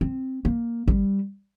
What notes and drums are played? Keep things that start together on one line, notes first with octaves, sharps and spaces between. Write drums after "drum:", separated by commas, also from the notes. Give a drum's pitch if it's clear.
C4
A#3
G3, drum: kick